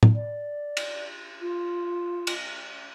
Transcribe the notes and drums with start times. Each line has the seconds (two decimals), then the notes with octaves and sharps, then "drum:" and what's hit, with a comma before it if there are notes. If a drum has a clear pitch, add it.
0.03 drum: tom A2
0.15 D5
0.77 drum: cymbal
1.41 F4
2.27 drum: cymbal